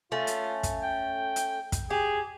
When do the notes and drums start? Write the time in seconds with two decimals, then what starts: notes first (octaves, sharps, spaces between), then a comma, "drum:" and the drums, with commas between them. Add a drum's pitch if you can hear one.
0.12 A3 C#4 F4
0.27 drum: hi-hat
0.63 drum: kick, hi-hat
0.83 G5
1.36 drum: hi-hat
1.72 drum: kick, hi-hat
1.90 G4 G#4